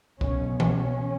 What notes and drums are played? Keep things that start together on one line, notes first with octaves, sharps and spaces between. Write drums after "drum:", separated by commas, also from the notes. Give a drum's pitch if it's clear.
B1 B2 C#4, drum: kick
C#4, drum: tom E3